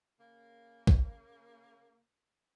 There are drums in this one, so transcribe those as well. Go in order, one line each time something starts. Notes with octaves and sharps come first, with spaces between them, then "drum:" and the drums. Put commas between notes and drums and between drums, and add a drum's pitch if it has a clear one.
C#3 A#3
drum: kick